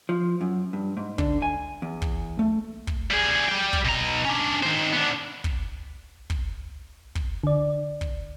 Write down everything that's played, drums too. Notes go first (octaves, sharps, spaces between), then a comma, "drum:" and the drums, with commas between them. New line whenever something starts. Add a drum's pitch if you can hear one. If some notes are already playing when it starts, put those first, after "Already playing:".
F3
F#2
G2
G#2
D3, drum: kick
G#5
E2
drum: kick
A3
drum: kick
G3 G#4
G3 G5
drum: kick
B2 A#5
C#4 D4
D#3 C5
B3 D4
drum: kick
drum: kick
drum: kick
D3 D5
drum: kick